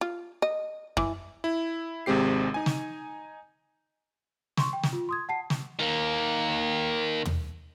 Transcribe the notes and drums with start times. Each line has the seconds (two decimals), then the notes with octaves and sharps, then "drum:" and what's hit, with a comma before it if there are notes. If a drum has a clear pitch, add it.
0.01 F4
0.42 D#5
0.97 E3, drum: kick F#2
1.44 E4
2.06 G#1 C3 G#3 C4 G4 C7
2.54 D#4 G#5
2.66 drum: snare
4.57 C6 C#6, drum: snare
4.73 G5
4.83 drum: snare
4.93 F4
5.09 C6 D#6 G#6
5.29 F#5 A5 C7
5.50 drum: snare
5.80 D#3 A#3
7.25 drum: tom